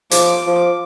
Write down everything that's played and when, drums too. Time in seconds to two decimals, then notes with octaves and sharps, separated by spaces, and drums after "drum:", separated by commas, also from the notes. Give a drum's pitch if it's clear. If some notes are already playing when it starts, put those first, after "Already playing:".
0.11 F3 D6, drum: hi-hat
0.47 F3